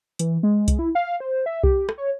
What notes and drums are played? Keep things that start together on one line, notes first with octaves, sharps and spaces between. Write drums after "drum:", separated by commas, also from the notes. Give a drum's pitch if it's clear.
E3, drum: hi-hat
G#3
drum: kick C2, hi-hat
E4
F5
C5
E5
G4, drum: kick C2
drum: rim click
C#5